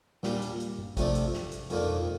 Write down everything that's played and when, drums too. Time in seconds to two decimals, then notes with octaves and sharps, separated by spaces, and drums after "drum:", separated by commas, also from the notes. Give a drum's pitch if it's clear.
0.23 A#2 G3 D4, drum: snare
0.42 drum: hi-hat
0.60 drum: hi-hat
0.78 drum: tom G2
0.97 C3 F3 A3 D4, drum: kick A1, hi-hat
1.15 drum: hi-hat
1.33 drum: snare
1.52 drum: hi-hat
1.70 F2 D#3 A#3 D4, drum: hi-hat
1.88 drum: tom B2